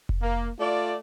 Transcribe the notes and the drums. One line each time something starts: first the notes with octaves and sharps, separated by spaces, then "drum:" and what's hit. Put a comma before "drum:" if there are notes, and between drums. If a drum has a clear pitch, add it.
drum: kick F1
A#3
A3 F4 D5